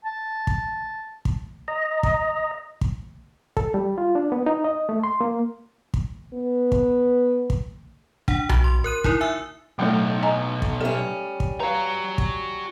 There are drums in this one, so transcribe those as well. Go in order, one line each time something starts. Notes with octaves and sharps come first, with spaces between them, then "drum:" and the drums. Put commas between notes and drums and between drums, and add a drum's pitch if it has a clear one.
A5
drum: kick
drum: kick
D#5 A#5
drum: kick
drum: kick
A4, drum: kick
G3
F4
D4
B3
D#4
D#5
A3
C6
A#3
drum: kick
B3
drum: kick
drum: kick
D4 F#5, drum: kick
F#4, drum: tom B1
C6
A#4 F#6 D#7
D#4 E4 A#4, drum: kick
E5 G#5 E6
B1 A2 F#3 F#5 G5
D#5 G#5 A#5
drum: kick
G3 C#4 A4 E5
drum: kick
F#4 B4 F5 A#5
drum: kick